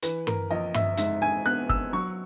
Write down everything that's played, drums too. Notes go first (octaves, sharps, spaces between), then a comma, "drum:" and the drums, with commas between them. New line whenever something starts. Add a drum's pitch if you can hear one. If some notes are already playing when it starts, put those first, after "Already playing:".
E3 B4, drum: hi-hat
A#4, drum: tom G2
A#1 D#5
E5, drum: tom G2
G#2 E5, drum: hi-hat
G#5
B3 F#6
E6, drum: kick
F#3 C#6